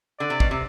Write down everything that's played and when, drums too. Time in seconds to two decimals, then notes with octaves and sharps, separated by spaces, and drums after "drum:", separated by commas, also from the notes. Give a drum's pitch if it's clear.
0.20 D3 D5
0.30 C3
0.40 B2, drum: kick
0.51 C3